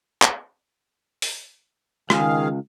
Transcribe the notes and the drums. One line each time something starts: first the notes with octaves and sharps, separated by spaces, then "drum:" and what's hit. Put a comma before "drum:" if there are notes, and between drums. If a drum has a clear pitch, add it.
drum: clap
drum: open hi-hat
C#2 D#3 G#4 F5, drum: rim click